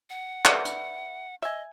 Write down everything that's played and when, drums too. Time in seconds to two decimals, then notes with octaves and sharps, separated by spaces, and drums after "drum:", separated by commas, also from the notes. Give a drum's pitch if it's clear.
0.10 F#5
0.45 B4 D5 E5, drum: clap
0.65 drum: hi-hat
1.42 D#5 E5 G#5